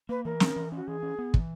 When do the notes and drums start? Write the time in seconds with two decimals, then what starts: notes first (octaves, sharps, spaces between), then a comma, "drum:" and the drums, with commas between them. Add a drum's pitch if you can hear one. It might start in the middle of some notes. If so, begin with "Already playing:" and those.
0.09 A#3 B4
0.25 E3 A#4
0.40 C#4, drum: snare
0.56 E3
0.72 C#4 F#4
0.87 E3 G#4
1.03 C#4
1.19 B3
1.34 E3, drum: kick